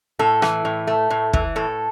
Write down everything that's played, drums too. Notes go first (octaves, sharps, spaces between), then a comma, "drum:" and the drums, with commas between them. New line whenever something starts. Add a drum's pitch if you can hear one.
A2 A4
E3, drum: rim click
A2
A3
A2
E3, drum: kick
A2 A4